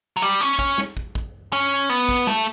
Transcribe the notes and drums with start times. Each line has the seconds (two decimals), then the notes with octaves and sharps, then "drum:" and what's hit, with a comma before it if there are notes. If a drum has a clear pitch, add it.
0.17 F#3
0.22 G3
0.41 C#4
0.59 C#4, drum: kick
0.78 drum: snare
0.97 drum: kick
1.15 drum: kick
1.53 C#4
1.90 B3
2.09 drum: kick
2.27 A3, drum: snare